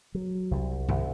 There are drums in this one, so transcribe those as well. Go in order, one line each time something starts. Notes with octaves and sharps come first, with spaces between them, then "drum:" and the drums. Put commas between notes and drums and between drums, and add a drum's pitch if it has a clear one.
F#3
C2
C2, drum: tom G2